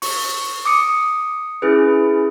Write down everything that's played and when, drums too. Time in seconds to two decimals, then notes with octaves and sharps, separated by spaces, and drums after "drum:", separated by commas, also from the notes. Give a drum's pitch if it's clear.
0.02 C#6, drum: open hi-hat
0.65 D6 D#6 C#7
1.62 C#4 E4 G#4 B4